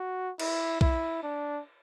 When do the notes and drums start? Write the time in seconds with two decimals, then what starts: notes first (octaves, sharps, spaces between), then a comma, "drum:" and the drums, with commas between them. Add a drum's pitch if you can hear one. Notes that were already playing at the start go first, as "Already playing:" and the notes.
Already playing: F#4
0.40 E4, drum: cymbal
0.81 E4, drum: kick
1.23 D4